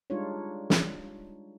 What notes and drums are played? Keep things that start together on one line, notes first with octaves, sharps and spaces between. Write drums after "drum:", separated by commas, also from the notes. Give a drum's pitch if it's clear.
G3 G#3 D4 D#4 F4 C#5
drum: snare